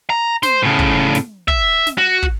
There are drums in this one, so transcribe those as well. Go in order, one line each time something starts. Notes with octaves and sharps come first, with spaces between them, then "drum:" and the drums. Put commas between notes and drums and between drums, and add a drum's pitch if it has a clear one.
A#5
C5 C6, drum: snare
A2 C#3
drum: kick
drum: snare
E5, drum: kick
drum: snare
F#4
drum: kick